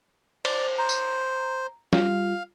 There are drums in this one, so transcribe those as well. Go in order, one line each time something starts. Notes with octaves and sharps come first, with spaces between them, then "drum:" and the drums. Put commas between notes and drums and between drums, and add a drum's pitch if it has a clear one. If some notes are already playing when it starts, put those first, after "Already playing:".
C5 D5, drum: cymbal
C5 A#5
drum: tambourine
G3 F4 F5, drum: snare